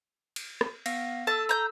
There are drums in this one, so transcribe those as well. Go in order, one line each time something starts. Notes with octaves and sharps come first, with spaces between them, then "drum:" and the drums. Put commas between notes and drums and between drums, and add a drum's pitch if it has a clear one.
drum: cymbal
drum: rim click
B3 F5 A#6, drum: cymbal
A4 A5 E6
A#5 E6 G6